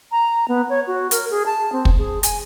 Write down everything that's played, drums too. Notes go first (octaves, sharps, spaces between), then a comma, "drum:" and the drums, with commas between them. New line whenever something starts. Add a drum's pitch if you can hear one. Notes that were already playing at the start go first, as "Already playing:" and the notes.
A#5
B3
C#5
F#4
A#4, drum: hi-hat
G#4
A5
C4
drum: kick
G#4
G#5, drum: hi-hat